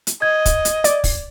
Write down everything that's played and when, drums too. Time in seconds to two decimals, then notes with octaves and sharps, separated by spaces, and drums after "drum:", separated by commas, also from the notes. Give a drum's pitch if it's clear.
0.07 drum: hi-hat
0.22 D#5 G#6
0.46 drum: kick, hi-hat
0.65 drum: hi-hat
0.84 D5, drum: hi-hat
1.04 drum: kick, open hi-hat